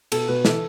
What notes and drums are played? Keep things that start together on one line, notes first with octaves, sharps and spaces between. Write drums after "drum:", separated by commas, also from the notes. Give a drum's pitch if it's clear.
B2 A4, drum: cymbal
B2 B4
E3 A4, drum: snare